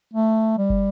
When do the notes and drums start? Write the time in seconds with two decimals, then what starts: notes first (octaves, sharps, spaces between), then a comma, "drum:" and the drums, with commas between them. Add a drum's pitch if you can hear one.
0.14 A3
0.58 G3
0.70 drum: kick